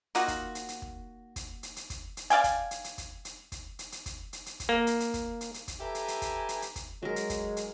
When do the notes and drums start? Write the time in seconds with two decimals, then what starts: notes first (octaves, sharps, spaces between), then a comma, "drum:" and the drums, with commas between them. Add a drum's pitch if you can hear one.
0.15 A#3 D#4 F4 F#4, drum: hi-hat
0.28 drum: kick, hi-hat
0.55 drum: hi-hat
0.68 drum: hi-hat
0.82 drum: kick
1.36 drum: kick, hi-hat
1.63 drum: hi-hat
1.76 drum: hi-hat
1.90 drum: kick, hi-hat
2.17 drum: hi-hat
2.30 D5 F5 G5 G#5, drum: hi-hat
2.44 drum: kick, hi-hat
2.71 drum: hi-hat
2.84 drum: hi-hat
2.98 drum: kick, hi-hat
3.25 drum: hi-hat
3.52 drum: kick, hi-hat
3.79 drum: hi-hat
3.92 drum: hi-hat
4.06 drum: kick, hi-hat
4.33 drum: hi-hat
4.46 drum: hi-hat
4.60 drum: kick, hi-hat
4.69 A#3
4.87 drum: hi-hat
5.00 drum: hi-hat
5.14 drum: kick, hi-hat
5.41 drum: hi-hat
5.54 drum: hi-hat
5.68 drum: kick, hi-hat
5.80 G4 A4 B4 E5 G#5 A#5
5.95 drum: hi-hat
6.08 drum: hi-hat
6.22 drum: kick, hi-hat
6.49 drum: hi-hat
6.62 drum: hi-hat
6.76 drum: kick, hi-hat
7.03 F#3 G#3 A#4
7.16 drum: hi-hat
7.30 drum: kick, hi-hat
7.57 drum: hi-hat